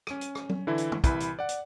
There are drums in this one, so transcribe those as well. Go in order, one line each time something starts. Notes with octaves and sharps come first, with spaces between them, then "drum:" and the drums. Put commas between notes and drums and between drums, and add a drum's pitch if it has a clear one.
C#4 D#7, drum: rim click
drum: hi-hat
drum: rim click
drum: tom F#3
D3 E3 E4
drum: hi-hat
drum: tom
C2 E3 E4 B4 B5, drum: kick, hi-hat
drum: hi-hat
D5 F#5
drum: hi-hat